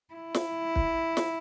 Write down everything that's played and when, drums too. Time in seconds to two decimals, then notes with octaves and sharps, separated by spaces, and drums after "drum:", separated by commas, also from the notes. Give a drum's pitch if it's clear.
0.14 E4
0.34 drum: snare
0.76 drum: kick
1.17 drum: snare